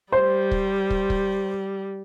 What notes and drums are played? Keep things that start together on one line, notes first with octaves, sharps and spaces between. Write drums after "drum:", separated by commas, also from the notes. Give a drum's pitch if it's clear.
G3 C5
drum: kick
drum: kick
drum: kick